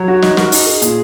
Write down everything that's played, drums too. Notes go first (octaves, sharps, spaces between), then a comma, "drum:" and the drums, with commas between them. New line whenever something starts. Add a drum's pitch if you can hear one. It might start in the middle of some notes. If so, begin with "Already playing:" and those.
Already playing: F#3 C#5
F#4
D#4, drum: snare
F#4 A#4, drum: snare
D#4, drum: open hi-hat
D#4 G#4
A#2, drum: hi-hat